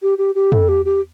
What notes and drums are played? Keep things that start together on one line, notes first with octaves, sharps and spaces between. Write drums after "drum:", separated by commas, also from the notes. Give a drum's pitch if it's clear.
G4
G4
G4
A4, drum: tom
G4
G4